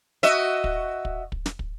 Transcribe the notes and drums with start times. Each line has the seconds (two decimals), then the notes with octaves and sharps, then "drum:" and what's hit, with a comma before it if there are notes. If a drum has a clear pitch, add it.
0.23 F#4 D#5 E5, drum: snare
0.64 drum: kick
1.05 drum: kick
1.32 drum: kick
1.46 drum: snare
1.59 drum: kick